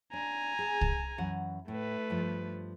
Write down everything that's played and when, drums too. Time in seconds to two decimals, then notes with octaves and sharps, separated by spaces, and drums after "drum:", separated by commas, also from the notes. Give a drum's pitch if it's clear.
0.13 D4 G#5 A#5
0.59 G#4
0.81 drum: kick C2
1.18 F#2 E3 F#5
1.68 A2 A3 B4
2.10 G2 F3